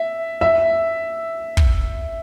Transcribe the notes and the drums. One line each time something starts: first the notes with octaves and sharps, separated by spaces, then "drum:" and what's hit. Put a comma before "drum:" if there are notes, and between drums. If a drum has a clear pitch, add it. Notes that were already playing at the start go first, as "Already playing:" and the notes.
Already playing: E5
E5
drum: kick